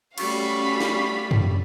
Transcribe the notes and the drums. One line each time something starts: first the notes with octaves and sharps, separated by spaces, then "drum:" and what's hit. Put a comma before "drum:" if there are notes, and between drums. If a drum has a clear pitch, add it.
G3 A3 C#4 F#4 F5 B5 C#6, drum: cymbal
drum: snare
drum: tom F#2